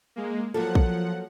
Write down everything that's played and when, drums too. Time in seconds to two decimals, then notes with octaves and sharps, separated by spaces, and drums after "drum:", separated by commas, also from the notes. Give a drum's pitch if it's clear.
0.16 G#3 A#3
0.54 F3 F#3 A#3 A4 F#5
0.75 drum: kick